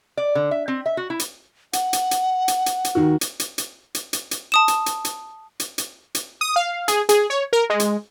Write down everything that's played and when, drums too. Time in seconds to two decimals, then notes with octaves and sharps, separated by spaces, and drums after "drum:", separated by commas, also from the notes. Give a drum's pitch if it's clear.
0.17 D5
0.35 D3
0.51 E5
0.68 C4
0.86 E5
0.97 F#4
1.10 E4
1.19 drum: hi-hat
1.73 F#5, drum: hi-hat
1.93 drum: hi-hat
2.11 drum: hi-hat
2.48 drum: hi-hat
2.66 drum: hi-hat
2.85 drum: hi-hat
2.95 D#2 D#3 F#4
3.21 drum: hi-hat
3.40 drum: hi-hat
3.58 drum: hi-hat
3.95 drum: hi-hat
4.13 drum: hi-hat
4.31 drum: hi-hat
4.52 A5 D#6 E7
4.68 drum: hi-hat
4.86 drum: hi-hat
5.05 drum: hi-hat
5.60 drum: hi-hat
5.78 drum: hi-hat
6.15 drum: hi-hat
6.41 D#6
6.56 F5
6.88 G#4, drum: hi-hat
7.09 G#4, drum: hi-hat
7.30 C#5
7.53 A#4
7.70 G#3
7.80 drum: hi-hat